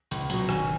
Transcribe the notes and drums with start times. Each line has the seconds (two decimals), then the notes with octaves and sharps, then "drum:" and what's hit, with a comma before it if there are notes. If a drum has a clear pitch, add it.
0.11 C#2, drum: hi-hat
0.30 B2 F#3, drum: hi-hat
0.49 G#1 G#5, drum: rim click